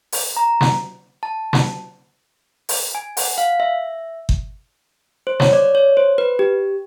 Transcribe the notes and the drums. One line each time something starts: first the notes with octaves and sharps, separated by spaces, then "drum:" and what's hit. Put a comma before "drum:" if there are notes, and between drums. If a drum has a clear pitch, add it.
drum: open hi-hat
A#5
drum: snare
A5
drum: snare
drum: open hi-hat
G#5
F#5, drum: open hi-hat
F5
E5
drum: kick G1
C5
C#5, drum: snare
D5
C#5
C5
B4
G4